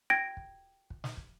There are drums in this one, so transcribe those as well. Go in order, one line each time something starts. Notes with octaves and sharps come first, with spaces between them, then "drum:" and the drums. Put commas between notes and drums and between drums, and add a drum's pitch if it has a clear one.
G5 G#6 A#6 D7
drum: kick
drum: kick
drum: snare
drum: kick